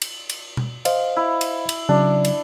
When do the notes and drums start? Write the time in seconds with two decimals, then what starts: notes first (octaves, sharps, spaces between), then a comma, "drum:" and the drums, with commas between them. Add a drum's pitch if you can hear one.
0.02 drum: cymbal
0.29 drum: cymbal
0.57 drum: tom B2
0.85 C5 D#5 F5, drum: cymbal
1.17 E4
1.41 drum: cymbal
1.69 drum: cymbal
1.89 C#3 F#3 D4
2.25 drum: cymbal